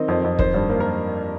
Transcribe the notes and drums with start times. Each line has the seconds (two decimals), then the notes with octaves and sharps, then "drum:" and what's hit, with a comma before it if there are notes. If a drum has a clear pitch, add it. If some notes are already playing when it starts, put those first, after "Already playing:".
Already playing: D#3 C4 D#5
0.08 F2 C5
0.24 F2
0.39 D#3 C5, drum: kick
0.54 G2 C5
0.70 A#3 C5
0.80 A#4